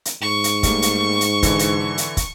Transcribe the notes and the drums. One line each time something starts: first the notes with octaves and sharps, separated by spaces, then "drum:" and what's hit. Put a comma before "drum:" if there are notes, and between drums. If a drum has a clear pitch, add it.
drum: hi-hat
G#2 C#6
drum: hi-hat
G3 A3 A#3, drum: kick, hi-hat
drum: hi-hat
drum: hi-hat
D3 E3, drum: kick, hi-hat
drum: hi-hat
drum: hi-hat
drum: kick, hi-hat